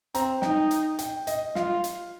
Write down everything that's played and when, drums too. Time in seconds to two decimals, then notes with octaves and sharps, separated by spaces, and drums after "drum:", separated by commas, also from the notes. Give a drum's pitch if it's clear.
0.15 C4 A#5, drum: hi-hat
0.42 D#4 G5, drum: snare
0.71 drum: hi-hat
0.99 G5, drum: hi-hat
1.27 D#5, drum: hi-hat
1.55 F4 F5, drum: snare
1.84 drum: hi-hat